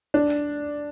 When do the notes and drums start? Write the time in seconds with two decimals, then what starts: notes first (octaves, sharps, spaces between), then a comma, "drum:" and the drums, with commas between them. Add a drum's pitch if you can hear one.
0.14 D4
0.30 drum: open hi-hat